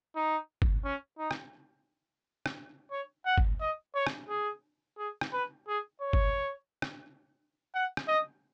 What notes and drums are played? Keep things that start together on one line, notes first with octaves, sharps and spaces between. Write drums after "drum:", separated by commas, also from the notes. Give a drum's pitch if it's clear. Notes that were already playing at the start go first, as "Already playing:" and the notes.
D#4
drum: kick G1
C#4
D#4
drum: rim click
drum: rim click
C#5
F#5
drum: kick G1
D#5
C#5
drum: rim click
G#4
G#4
drum: rim click
B4
G#4
C#5
drum: kick G1
drum: rim click
F#5
drum: rim click
D#5